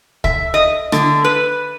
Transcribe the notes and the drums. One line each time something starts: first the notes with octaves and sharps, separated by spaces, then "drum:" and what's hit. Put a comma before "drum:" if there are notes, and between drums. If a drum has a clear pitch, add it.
E5, drum: kick
D#5
D3, drum: rim click
B4